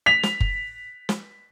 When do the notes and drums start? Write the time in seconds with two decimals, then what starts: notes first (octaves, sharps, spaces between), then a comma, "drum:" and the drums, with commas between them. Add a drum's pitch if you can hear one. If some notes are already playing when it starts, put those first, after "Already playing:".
0.06 B6 F7
0.23 drum: snare
0.40 drum: kick F#1
1.09 drum: snare